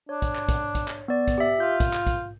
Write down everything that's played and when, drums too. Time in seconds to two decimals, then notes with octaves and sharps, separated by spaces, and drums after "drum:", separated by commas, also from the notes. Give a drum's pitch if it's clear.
0.09 D4 C#5
0.22 drum: kick, hi-hat
0.35 drum: clap
0.49 drum: kick, hi-hat
0.75 drum: kick, hi-hat
0.88 drum: clap
1.08 B3 D5
1.28 drum: kick, hi-hat
1.38 G4 E5
1.60 F4 G6
1.80 drum: kick, hi-hat
1.93 drum: clap
2.07 drum: kick, hi-hat